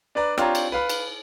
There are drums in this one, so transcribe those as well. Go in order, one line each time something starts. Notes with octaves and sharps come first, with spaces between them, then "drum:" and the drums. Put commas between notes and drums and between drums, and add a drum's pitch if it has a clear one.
D4 B4 D5 A#5
C4 D4 F4 G4 C#5 A#5, drum: rim click
drum: cymbal
B4 F5 B5
drum: cymbal